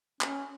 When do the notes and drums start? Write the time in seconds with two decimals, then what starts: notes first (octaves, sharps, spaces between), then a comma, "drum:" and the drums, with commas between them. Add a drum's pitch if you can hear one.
0.21 C#4, drum: clap